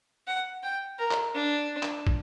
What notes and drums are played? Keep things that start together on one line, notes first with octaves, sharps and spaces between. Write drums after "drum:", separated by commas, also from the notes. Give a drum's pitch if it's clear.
F#5
G5
A#4
drum: clap
D4
drum: clap
drum: kick